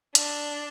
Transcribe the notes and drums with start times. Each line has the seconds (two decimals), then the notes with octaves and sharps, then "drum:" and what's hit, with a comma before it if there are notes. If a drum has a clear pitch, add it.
0.15 D4, drum: hi-hat